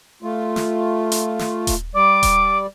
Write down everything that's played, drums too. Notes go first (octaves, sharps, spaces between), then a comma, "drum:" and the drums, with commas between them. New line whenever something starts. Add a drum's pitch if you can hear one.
A3 F4
drum: snare
drum: hi-hat
drum: snare
drum: kick D#1, hi-hat
G3 D5 D6
drum: kick D#1, hi-hat